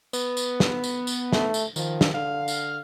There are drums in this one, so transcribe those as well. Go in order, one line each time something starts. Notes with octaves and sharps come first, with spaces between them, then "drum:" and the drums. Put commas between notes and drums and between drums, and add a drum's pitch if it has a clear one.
B3, drum: tambourine
drum: tambourine
drum: snare
drum: tambourine
drum: tambourine
A3, drum: snare
drum: tambourine
D#3 F3, drum: tambourine
drum: snare
D3 F5
drum: tambourine